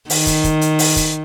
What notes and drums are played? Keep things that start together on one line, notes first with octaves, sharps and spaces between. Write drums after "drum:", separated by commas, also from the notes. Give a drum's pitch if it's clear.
D#3, drum: open hi-hat
drum: kick, hi-hat
drum: kick, hi-hat
drum: hi-hat
drum: open hi-hat
drum: kick, hi-hat